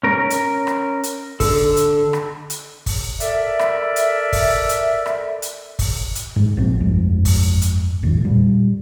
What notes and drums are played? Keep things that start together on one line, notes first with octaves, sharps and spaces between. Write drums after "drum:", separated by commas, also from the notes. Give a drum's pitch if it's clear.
C#4 A#4
drum: hi-hat
drum: rim click
drum: hi-hat
D3 A4, drum: kick, open hi-hat
drum: hi-hat
drum: rim click
drum: hi-hat
drum: kick, open hi-hat
A4 A#4 D5 E5, drum: hi-hat
drum: rim click
drum: hi-hat
drum: kick, open hi-hat
drum: hi-hat
drum: rim click
drum: hi-hat
drum: kick, open hi-hat
drum: hi-hat
G#2
A#1 A#2 B3 C4
G1 F2 G#2
drum: kick, open hi-hat
drum: hi-hat
G1 E2 A2 D#3
A#2 G3